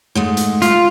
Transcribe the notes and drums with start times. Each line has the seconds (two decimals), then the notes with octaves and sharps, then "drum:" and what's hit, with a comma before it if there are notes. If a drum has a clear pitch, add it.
0.15 G#2 G#3 A3
0.37 drum: hi-hat
0.62 F4, drum: hi-hat